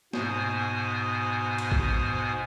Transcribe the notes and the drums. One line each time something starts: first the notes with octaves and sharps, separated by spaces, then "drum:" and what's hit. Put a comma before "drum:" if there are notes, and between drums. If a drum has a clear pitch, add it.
G#2 B2 B3 C5 G#5 D#6, drum: snare
drum: cymbal
drum: kick A#1